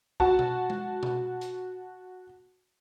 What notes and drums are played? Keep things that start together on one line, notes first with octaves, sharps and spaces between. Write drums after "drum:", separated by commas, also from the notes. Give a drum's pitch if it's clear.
F#4 A5, drum: kick
drum: tom B2
drum: tom G#3
drum: tom B2
drum: hi-hat